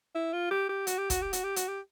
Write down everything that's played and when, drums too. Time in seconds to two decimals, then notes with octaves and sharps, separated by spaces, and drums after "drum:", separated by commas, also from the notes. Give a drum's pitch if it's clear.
0.15 E4
0.33 F4
0.51 G4
0.69 G4
0.87 F#4, drum: hi-hat
0.98 G4
1.10 F#4, drum: kick, hi-hat
1.22 G4
1.33 F#4, drum: hi-hat
1.44 G4
1.56 F#4, drum: hi-hat
1.68 G4